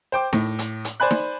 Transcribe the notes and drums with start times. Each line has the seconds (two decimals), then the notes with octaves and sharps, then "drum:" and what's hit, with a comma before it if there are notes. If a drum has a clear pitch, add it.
0.12 C5 G5 D6
0.33 A2, drum: snare D#4
0.59 drum: hi-hat
0.85 drum: hi-hat
1.00 C5 D5 G#5 B5 F#6
1.11 drum: snare D#4